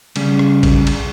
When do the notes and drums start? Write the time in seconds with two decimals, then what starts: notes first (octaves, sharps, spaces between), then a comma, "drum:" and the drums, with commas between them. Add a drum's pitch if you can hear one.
0.16 C#3 G3 C#4 G#4, drum: cymbal
0.39 drum: rim click
0.63 drum: kick, cymbal
0.87 drum: cymbal